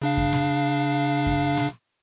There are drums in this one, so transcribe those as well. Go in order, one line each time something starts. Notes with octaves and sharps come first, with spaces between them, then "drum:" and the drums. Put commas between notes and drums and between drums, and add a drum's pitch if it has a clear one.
C#3 D4 F5
drum: kick F#2
drum: snare
drum: kick F#2
drum: snare